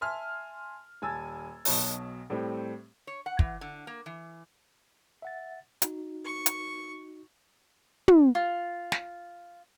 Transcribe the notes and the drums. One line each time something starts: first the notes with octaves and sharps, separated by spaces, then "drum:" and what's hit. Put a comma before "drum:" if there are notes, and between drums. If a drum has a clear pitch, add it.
E5 G#5 A5 C6 F6
D#1 G#5 A5 E6 G#6 A6
B1 B2 C#5 A5, drum: open hi-hat
A2 G3 A3 C4 G4
C#5
F#5
E3, drum: kick
D3
A#3
E3
E5 F#5 A6
D#4 F#4, drum: hi-hat
C#6
drum: hi-hat
drum: tom
F4
drum: snare